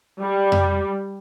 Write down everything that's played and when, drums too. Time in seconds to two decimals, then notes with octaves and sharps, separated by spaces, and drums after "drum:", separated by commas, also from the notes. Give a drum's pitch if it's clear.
0.22 G3
0.52 drum: tom F2